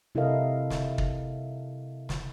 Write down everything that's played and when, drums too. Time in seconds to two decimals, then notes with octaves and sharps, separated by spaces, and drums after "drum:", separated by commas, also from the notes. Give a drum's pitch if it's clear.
0.15 C3 E4 A4 A#4 D#5 F5
0.70 drum: snare
0.98 drum: kick
2.09 drum: snare